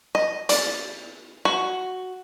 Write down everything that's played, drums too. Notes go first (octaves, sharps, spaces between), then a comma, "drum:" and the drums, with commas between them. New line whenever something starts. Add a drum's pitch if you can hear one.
D#5
D5, drum: hi-hat
F#4